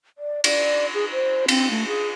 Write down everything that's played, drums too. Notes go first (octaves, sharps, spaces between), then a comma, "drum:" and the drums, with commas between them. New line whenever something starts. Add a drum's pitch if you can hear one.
D5
D5, drum: cymbal
G#4
C5
C4, drum: cymbal
A3
G#4